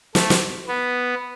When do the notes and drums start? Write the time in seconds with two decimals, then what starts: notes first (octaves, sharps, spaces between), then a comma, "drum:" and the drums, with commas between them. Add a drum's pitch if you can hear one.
0.15 A3, drum: snare
0.30 drum: snare
0.67 B3